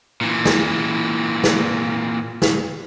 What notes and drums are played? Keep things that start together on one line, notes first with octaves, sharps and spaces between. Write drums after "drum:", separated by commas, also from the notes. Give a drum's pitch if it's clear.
A#2 E3
drum: snare
drum: snare
drum: snare